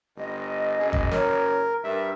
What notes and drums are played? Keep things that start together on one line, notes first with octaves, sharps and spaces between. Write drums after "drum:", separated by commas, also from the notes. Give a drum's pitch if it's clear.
G1 D#5
F#1 G#4
drum: kick
A#4 C#5, drum: snare
G2 A#4 E5